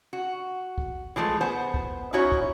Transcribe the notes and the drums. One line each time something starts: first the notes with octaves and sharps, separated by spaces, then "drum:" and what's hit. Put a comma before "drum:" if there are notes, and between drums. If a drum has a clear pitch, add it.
F#4
drum: kick
E3 F3 G#3 A3
B3 C5 G#5
drum: kick
C#4 D#4 E4 F#4 C#5
drum: kick